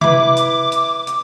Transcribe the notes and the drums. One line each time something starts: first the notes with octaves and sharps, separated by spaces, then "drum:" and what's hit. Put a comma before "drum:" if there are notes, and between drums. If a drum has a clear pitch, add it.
E4 B4 D6, drum: tom C3
drum: hi-hat
drum: hi-hat
drum: hi-hat